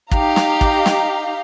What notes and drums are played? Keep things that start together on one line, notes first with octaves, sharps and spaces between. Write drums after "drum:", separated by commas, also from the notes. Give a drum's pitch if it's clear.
D#4 G4 F5 A#5, drum: kick
drum: snare
drum: kick
drum: snare